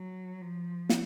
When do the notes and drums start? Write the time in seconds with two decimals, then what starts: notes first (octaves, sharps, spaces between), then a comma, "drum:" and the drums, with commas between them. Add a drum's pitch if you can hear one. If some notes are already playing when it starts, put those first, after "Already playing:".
Already playing: F#3
0.41 F3
0.89 drum: snare